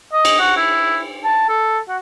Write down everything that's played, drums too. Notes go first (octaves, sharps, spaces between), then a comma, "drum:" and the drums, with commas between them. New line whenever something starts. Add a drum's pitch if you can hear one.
D#5
drum: cymbal
F#4
E4
A5
A4
F#4